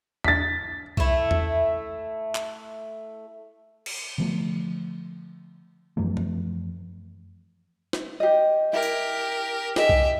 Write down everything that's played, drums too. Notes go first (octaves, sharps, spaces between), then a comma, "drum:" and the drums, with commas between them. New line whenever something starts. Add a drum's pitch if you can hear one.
A6 B6, drum: tom E2
A3 E4, drum: kick C2
drum: tom E2
drum: clap
drum: cymbal
D3 F3 A3
F#2 E3 F3 A3
drum: tom E3
drum: snare
G4 D#5
E4 G4 A#4
drum: tambourine
G4 G#4 D#5 E5, drum: snare
drum: kick C2